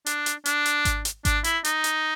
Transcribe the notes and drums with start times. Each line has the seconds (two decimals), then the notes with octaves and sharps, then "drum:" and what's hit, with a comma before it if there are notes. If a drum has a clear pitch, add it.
0.06 D4, drum: hi-hat
0.26 drum: hi-hat
0.46 D4, drum: hi-hat
0.65 drum: hi-hat
0.85 drum: kick G#1, hi-hat
1.05 drum: hi-hat
1.25 D4, drum: kick G#1, hi-hat
1.44 E4, drum: hi-hat
1.64 D#4, drum: hi-hat
1.84 drum: hi-hat